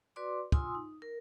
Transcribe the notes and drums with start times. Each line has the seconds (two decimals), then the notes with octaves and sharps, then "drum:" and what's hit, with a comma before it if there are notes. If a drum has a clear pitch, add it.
0.16 F#4 B4 D5 C6 D6
0.52 F4 G#5 C6 D#6 E6, drum: kick
0.75 D#4
1.02 A#4